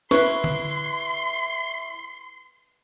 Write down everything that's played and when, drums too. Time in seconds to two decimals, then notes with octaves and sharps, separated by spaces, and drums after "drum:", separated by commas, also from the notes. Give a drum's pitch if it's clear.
0.11 E4 B4 C6 C#6, drum: snare
0.44 drum: tom D3